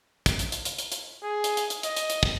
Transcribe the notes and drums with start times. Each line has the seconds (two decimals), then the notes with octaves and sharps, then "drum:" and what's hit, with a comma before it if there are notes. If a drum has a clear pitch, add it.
0.26 drum: kick, hi-hat
0.39 drum: hi-hat
0.52 drum: hi-hat
0.65 drum: hi-hat
0.79 drum: hi-hat
0.92 drum: hi-hat
1.23 G#4
1.44 drum: hi-hat
1.57 drum: hi-hat
1.70 drum: hi-hat
1.83 D#5, drum: hi-hat
1.97 drum: hi-hat
2.10 drum: hi-hat
2.23 drum: kick